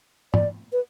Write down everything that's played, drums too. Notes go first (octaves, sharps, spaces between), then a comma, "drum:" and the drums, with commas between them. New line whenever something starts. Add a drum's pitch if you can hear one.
D5, drum: tom
B4